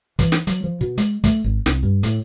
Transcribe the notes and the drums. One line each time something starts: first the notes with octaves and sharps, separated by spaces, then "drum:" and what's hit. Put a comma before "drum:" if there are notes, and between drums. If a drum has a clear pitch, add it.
E3, drum: kick, hi-hat
drum: snare
F#3, drum: hi-hat
F3
B2
G#3, drum: hi-hat
A3, drum: kick, hi-hat
G#1
C2, drum: snare
G2
A2, drum: hi-hat